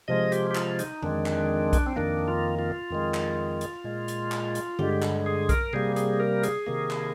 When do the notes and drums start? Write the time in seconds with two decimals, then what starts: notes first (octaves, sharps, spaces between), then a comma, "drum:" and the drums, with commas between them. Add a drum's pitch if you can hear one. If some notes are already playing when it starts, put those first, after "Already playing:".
0.08 C3 F3 G#3 D#5
0.32 G4, drum: hi-hat
0.51 G4
0.55 F4, drum: clap
0.79 D#4, drum: hi-hat
1.02 F2 D#3 G#3 D4, drum: tom D3
1.26 drum: clap
1.73 drum: kick B1, hi-hat
1.86 C4
1.96 F2 D#3 A#3 D4
2.28 F4
2.59 F4
2.90 F2 D#3 G#3
3.14 drum: clap
3.61 drum: hi-hat
3.84 A#2 G#3
4.08 drum: hi-hat
4.32 drum: clap
4.55 drum: hi-hat
4.79 G2 D3 G#3 G4, drum: tom D3
5.02 drum: clap
5.26 G#4
5.49 A#4, drum: kick B1, hi-hat
5.73 C3 G3 A#3 G#4
5.96 G#4, drum: hi-hat
6.20 A#4
6.43 G#4, drum: hi-hat
6.67 C3 D#3 A#3
6.90 drum: clap